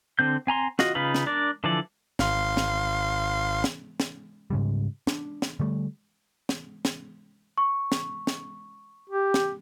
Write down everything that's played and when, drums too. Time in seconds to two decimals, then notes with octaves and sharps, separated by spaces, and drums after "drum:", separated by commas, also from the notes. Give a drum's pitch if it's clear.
0.19 D3 C4 G6
0.47 C4 G#5 A#5 C6
0.79 F4 F#4 D#5, drum: snare
0.95 C#3 D#4 F4 B4 B5
1.15 drum: snare
1.26 D4 A#4 D5
1.64 D3 E3 F3 A4 D5
2.19 G#1 F5 C6, drum: snare
2.57 drum: snare
3.64 drum: snare
4.00 drum: snare
4.50 G#2 C#3 G3
5.07 D4, drum: snare
5.42 drum: snare
5.60 D3 G3 A3
6.49 drum: snare
6.85 drum: snare
7.58 C#6
7.92 drum: snare
8.27 drum: snare
9.10 G4
9.34 drum: snare